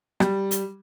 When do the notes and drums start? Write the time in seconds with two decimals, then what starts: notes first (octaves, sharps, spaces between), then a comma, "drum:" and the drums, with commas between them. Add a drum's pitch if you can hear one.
0.20 G3, drum: rim click
0.51 drum: hi-hat